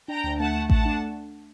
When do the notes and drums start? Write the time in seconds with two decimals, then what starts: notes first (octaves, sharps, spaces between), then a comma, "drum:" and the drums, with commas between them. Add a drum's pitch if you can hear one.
0.08 D4 G5 A#5
0.24 D2
0.39 A3 F#5 A5
0.55 A3
0.70 A3 F#5 A5, drum: kick A1
0.85 D4